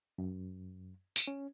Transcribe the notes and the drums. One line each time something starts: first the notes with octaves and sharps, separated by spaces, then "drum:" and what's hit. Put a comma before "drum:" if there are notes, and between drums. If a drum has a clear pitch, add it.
F#2
drum: tambourine
C#4